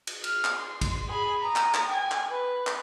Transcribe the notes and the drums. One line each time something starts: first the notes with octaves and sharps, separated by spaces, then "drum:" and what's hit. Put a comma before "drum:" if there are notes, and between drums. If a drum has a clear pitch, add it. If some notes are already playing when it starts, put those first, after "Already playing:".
drum: cymbal
F6, drum: cymbal
drum: clap
C6
drum: kick, cymbal
G#4 B5
A#5 D#6
drum: clap
drum: clap
G5 G#5
drum: clap
B4
drum: clap